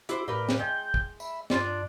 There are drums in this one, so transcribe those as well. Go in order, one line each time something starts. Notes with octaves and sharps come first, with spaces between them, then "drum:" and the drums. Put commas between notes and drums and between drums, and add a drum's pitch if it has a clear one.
E4 F#4 G4 C5 D6, drum: hi-hat
A2 G4 A#4 B4 D5 F5
drum: snare
G#3 G5 G6
drum: kick
E5 B5, drum: tambourine
G2 D4 F4 D5, drum: snare